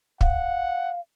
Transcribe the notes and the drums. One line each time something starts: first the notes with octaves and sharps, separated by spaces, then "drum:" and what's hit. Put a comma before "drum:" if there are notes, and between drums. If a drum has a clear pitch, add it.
F5 F#5, drum: kick